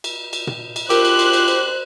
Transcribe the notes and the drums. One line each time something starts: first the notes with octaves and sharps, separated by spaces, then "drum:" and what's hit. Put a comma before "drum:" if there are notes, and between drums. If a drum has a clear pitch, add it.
drum: cymbal
drum: cymbal
drum: tom A#2
drum: cymbal
F4 G4 A#4 C5 F#6, drum: cymbal
drum: cymbal
drum: cymbal
drum: cymbal
drum: cymbal